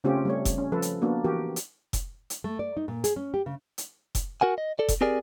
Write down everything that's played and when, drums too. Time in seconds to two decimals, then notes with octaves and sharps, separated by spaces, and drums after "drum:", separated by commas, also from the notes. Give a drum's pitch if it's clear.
0.04 C#3 A3 C4 C#4 F4 G4
0.25 G3 A3 C#5
0.45 drum: kick F1, hi-hat
0.58 C#4
0.72 F3 A4 B4
0.82 drum: hi-hat
1.02 A#3 B3 D4 F#4
1.24 E3 F#4 G4 A#4
1.56 drum: hi-hat
1.93 drum: kick F1, hi-hat
2.30 drum: hi-hat
2.44 A3
2.59 D5
2.77 D#4
2.88 A#2
3.04 G#4, drum: hi-hat
3.16 C#4
3.34 G4
3.46 C#3
3.78 drum: hi-hat
4.15 drum: kick F1, hi-hat
4.41 F#4 A#4 F#5 G#5
4.58 D#5
4.79 A4 D5
4.88 drum: kick F1, hi-hat
5.01 C4 G4 G#4 A#4 D5